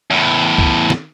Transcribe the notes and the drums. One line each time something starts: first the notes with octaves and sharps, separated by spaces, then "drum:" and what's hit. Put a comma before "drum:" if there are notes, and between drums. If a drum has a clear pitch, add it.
E2 A2
drum: kick
drum: snare